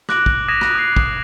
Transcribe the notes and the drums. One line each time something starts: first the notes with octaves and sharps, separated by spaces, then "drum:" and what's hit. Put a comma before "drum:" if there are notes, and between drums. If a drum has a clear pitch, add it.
D6 F#6 A#6 D7 F#7, drum: rim click
drum: kick
D#6 G#6 A#6 B6 D#7 E7
drum: rim click
D#6 F#6 C7
drum: kick